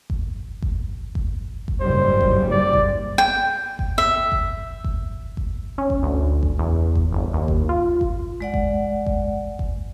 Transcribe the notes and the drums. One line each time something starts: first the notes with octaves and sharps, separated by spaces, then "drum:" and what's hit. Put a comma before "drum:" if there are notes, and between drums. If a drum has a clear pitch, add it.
drum: kick G1
drum: kick G1
drum: kick G1
drum: kick G1
F#1 G#2 G3 C5
drum: kick G1
D5
drum: kick G1
G5
drum: kick G1
E5
drum: kick G1
drum: kick G1
drum: kick G1
C#4
drum: kick G1
D2
drum: kick G1
E2
drum: kick G1
G1
D#2
drum: kick G1
F4
drum: kick G1
G#3 D5 F#5
drum: kick G1
drum: kick G1
drum: kick G1